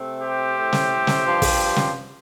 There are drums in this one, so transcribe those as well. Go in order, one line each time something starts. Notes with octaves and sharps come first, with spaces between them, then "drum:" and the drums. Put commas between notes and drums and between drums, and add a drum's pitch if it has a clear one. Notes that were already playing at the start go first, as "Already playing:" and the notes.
Already playing: C3 A3 C4
G4 C5
A2 A3 C4
drum: snare
drum: snare
G2 F3 C4
drum: kick, open hi-hat
drum: snare